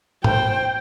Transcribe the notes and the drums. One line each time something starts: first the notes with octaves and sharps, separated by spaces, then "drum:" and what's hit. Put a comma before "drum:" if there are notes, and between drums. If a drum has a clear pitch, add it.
C5 G5, drum: tom G#2